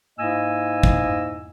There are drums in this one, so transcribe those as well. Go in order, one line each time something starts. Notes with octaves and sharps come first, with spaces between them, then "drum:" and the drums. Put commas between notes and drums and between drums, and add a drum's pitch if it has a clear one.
G#2 A#3 E4 D#5 G#5 E6
drum: kick